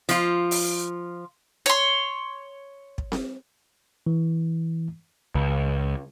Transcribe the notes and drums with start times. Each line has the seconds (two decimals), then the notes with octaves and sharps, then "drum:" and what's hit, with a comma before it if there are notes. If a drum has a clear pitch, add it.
0.09 F3 F4, drum: hi-hat
0.51 drum: open hi-hat
1.66 C#5 C6, drum: hi-hat
2.98 drum: kick
3.12 drum: snare C4
4.06 E3
5.35 C#2